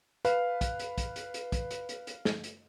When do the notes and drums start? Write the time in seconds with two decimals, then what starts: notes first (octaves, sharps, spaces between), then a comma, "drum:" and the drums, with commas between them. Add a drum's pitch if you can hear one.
0.25 B4 F5, drum: hi-hat
0.61 drum: kick, hi-hat
0.79 drum: hi-hat
0.98 drum: kick, hi-hat
1.16 drum: hi-hat
1.34 drum: hi-hat
1.52 drum: kick, hi-hat
1.71 drum: hi-hat
1.89 drum: hi-hat
2.07 drum: hi-hat
2.25 drum: snare
2.44 drum: hi-hat